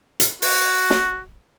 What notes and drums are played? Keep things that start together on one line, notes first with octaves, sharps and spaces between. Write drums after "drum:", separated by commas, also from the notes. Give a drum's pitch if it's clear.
drum: hi-hat
F#4, drum: open hi-hat
drum: snare